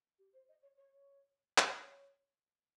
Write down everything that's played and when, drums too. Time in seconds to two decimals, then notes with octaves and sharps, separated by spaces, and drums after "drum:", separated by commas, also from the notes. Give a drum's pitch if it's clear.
0.18 G4
0.33 C5
0.49 D#5
0.62 C#5
0.77 C#5
0.92 C#5
1.58 drum: clap
1.79 C#5